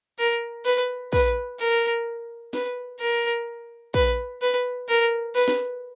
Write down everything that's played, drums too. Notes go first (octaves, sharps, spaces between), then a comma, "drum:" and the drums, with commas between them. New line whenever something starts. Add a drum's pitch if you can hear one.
A#4
B4, drum: tambourine
B4, drum: kick
A#4
B4, drum: snare
A#4
B4, drum: kick
B4
A#4
B4
drum: snare